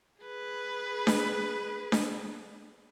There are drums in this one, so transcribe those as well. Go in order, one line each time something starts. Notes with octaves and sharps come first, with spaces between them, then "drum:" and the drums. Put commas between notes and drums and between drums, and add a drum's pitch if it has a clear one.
G#4 B4
drum: snare D4
drum: snare D4